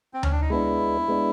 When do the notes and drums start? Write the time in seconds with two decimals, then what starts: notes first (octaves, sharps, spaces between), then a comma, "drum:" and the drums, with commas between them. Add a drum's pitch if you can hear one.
0.14 C4
0.23 C#4, drum: tom D2
0.32 D4
0.41 D#4
0.50 G#3 B3 D4 E4
1.08 G#3 B3 D4